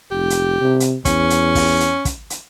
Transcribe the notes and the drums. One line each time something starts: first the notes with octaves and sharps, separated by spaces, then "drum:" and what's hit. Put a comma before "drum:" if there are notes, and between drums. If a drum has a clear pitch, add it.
F1 G4
drum: hi-hat
C3
drum: hi-hat
E2 C#4, drum: kick, hi-hat
drum: hi-hat
drum: kick, open hi-hat
drum: hi-hat
drum: kick, hi-hat
drum: hi-hat